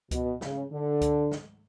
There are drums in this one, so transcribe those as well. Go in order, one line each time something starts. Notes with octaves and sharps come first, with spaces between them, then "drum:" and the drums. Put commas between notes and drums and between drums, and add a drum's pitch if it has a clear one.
B2, drum: kick C#2, hi-hat
C#3, drum: snare
D3
drum: kick C#2, hi-hat
drum: snare